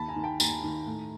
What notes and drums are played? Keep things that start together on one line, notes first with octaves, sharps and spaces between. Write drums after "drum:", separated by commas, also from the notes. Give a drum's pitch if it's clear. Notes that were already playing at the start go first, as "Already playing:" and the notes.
Already playing: D#2 A5 B5
G#5 A#5
D#3
G5 A5
D#2 G#5 A#5, drum: tambourine
D#3
A2